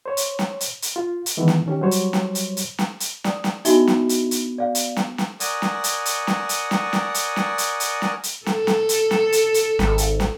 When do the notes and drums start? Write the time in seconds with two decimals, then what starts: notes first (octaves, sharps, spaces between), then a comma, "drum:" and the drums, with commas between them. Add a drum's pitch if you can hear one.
0.06 C5 C#5
0.17 drum: hi-hat
0.39 drum: snare
0.61 drum: hi-hat
0.82 drum: hi-hat
0.96 F4
1.26 drum: hi-hat
1.37 D#3 E3 G#3 B3
1.48 drum: snare
1.66 D#3 C#4 G4
1.81 F#3 G3 C5 C#5
1.91 drum: hi-hat
2.13 drum: snare
2.35 drum: hi-hat
2.57 drum: hi-hat
2.79 drum: snare
3.00 drum: hi-hat
3.24 D5 D#6, drum: snare
3.44 drum: snare
3.65 B3 D4 D#4 F#4 D#5 E5 G7, drum: hi-hat
3.87 drum: snare
4.09 drum: hi-hat
4.31 drum: hi-hat
4.58 D5 F5
4.75 drum: hi-hat
4.96 drum: snare
5.18 drum: snare
5.40 A#4 D5 F#5 G#5 C#6 D#6, drum: hi-hat
5.62 drum: snare
5.84 drum: hi-hat
6.05 drum: hi-hat
6.27 drum: snare
6.49 drum: hi-hat
6.71 drum: snare
6.93 drum: snare
7.14 drum: hi-hat
7.36 drum: snare
7.58 drum: hi-hat
7.80 drum: hi-hat
8.02 drum: snare
8.23 drum: hi-hat
8.46 A4, drum: snare
8.67 drum: snare
8.89 drum: hi-hat
9.11 drum: snare
9.32 drum: hi-hat
9.54 drum: hi-hat
9.79 G#1, drum: snare
9.98 drum: hi-hat
10.20 drum: snare